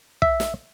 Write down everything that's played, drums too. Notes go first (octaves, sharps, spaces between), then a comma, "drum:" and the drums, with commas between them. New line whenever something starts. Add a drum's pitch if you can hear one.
E5, drum: kick
drum: snare